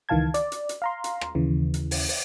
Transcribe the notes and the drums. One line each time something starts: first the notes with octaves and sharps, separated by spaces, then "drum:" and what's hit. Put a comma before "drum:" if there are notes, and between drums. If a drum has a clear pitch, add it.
C#2 D#3 E3 F5 A5 G#6
D5, drum: hi-hat
drum: hi-hat
drum: hi-hat
F5 A#5 C6
drum: hi-hat
drum: rim click
D#2 C#3 E3
drum: hi-hat
drum: open hi-hat
drum: open hi-hat